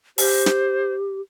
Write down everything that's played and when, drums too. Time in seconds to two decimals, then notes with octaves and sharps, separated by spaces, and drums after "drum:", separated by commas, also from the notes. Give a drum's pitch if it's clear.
0.18 G4 C5, drum: open hi-hat
0.46 drum: snare